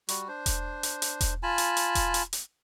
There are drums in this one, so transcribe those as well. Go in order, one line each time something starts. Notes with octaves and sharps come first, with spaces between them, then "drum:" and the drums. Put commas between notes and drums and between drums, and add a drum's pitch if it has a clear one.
G3 F#4, drum: hi-hat
D4 C5
drum: kick E1, hi-hat
drum: hi-hat
drum: hi-hat
drum: kick E1, hi-hat
F4 G#5 A5 B5
drum: hi-hat
drum: hi-hat
drum: kick E1, hi-hat
drum: hi-hat
drum: hi-hat